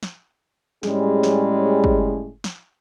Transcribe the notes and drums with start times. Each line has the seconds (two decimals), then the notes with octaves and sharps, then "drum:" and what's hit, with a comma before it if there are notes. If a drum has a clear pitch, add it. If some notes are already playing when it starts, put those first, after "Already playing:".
0.03 drum: snare
0.83 A2 G3 G#3 C#4 G#4, drum: snare
1.23 drum: snare
1.84 drum: kick
2.44 drum: snare